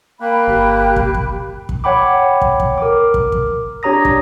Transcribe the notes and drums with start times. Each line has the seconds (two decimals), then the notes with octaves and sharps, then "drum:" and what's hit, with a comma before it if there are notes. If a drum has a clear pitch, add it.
0.20 A#3 G5 B5 F#6
0.48 G1 G4
0.96 drum: kick
1.14 drum: kick
1.69 drum: kick
1.84 C#5 F#5 G5 B5 D6
2.41 drum: kick
2.60 drum: kick
2.78 A#4 D6
3.14 drum: kick
3.32 drum: kick
3.83 D4 G4 C#5 A#5 D#6 A#6
4.05 drum: kick